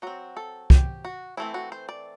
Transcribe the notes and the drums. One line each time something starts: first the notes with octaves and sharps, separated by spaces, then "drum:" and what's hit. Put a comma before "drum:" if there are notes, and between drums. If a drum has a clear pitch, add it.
F#3 C4 F#4
A4
G4, drum: kick C2
F#4
E3 A3 C4 E4
F#4
C5
D5